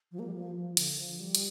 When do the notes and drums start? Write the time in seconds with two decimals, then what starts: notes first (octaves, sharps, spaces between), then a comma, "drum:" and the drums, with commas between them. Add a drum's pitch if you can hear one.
0.12 F3
0.19 A#3
0.27 G3
0.34 F3
0.55 F3
0.77 D3, drum: hi-hat
0.98 F3
1.20 G3
1.35 drum: hi-hat